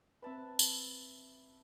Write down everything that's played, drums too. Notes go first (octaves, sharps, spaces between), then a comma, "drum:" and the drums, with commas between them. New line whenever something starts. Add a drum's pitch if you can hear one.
C4 B4 E5 A5 B5
drum: tambourine